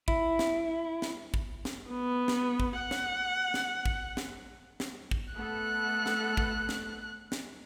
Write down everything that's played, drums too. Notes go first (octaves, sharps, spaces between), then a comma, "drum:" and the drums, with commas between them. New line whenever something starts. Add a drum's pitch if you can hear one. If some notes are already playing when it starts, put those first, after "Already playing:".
E4, drum: kick
drum: snare
drum: snare
drum: kick
drum: snare
B3
drum: snare
drum: kick
F#5
drum: snare
drum: snare
drum: kick
drum: snare
drum: snare
drum: kick
A3 B3 A4 F#6
drum: snare
drum: kick
drum: snare
drum: snare